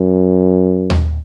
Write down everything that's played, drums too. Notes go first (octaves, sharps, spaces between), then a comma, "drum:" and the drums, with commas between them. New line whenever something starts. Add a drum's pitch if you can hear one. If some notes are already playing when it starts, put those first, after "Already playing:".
Already playing: F#2
drum: tom D#2